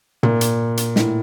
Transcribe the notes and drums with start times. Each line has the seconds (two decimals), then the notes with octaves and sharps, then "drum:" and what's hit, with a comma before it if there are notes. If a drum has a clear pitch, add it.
0.23 A#2, drum: tom
0.41 drum: hi-hat
0.77 drum: hi-hat
0.96 A2, drum: snare